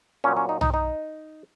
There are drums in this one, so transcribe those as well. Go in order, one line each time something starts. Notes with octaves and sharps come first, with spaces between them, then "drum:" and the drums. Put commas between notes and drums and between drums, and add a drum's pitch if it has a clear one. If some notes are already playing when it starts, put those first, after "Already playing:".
A#2 F#3 C#4
C#4
D#4
D#4, drum: tom
D#4